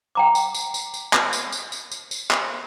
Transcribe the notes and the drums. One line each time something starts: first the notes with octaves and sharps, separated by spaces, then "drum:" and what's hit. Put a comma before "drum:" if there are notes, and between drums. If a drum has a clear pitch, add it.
G5 A#5 D6
drum: tambourine
drum: tambourine
drum: tambourine
drum: tambourine
drum: clap
drum: tambourine
drum: tambourine
drum: tambourine
drum: tambourine
drum: tambourine
drum: clap